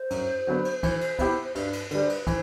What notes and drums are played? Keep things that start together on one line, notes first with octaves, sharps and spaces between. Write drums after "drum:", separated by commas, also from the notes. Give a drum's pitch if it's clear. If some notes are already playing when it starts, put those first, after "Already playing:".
Already playing: C5
F#2, drum: cymbal
D3 F#3 B3
drum: cymbal
E3, drum: kick, cymbal
drum: cymbal
B3 E4 G4, drum: kick, cymbal
C5
G2 B4, drum: cymbal
drum: cymbal
D3 G3 B4, drum: cymbal
C5
B4, drum: cymbal
E3 C5, drum: kick, cymbal